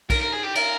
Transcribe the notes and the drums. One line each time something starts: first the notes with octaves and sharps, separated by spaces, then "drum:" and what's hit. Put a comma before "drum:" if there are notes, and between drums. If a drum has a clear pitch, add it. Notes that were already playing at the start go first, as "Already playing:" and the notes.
A#4, drum: kick B1, cymbal
A#4
G#4
G4
A#4, drum: cymbal